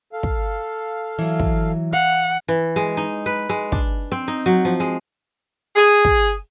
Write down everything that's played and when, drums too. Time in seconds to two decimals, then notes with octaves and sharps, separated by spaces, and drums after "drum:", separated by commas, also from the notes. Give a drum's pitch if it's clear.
0.13 A4 F5
0.23 drum: kick
1.19 E3 F#3
1.40 drum: kick
1.93 F5 F#5
2.48 E3
2.76 G#3
2.97 D#4
3.26 B4
3.49 G#3
3.72 D4, drum: kick
4.12 C4
4.28 D#4
4.46 F#3
4.65 F3
4.80 G#3
5.76 G#4
6.05 drum: kick